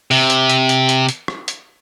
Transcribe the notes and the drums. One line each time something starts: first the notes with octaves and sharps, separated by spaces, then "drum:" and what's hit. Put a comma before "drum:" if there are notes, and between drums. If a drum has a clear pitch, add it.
C3, drum: open hi-hat
drum: hi-hat
drum: hi-hat
drum: hi-hat
drum: hi-hat
drum: hi-hat
drum: rim click
drum: hi-hat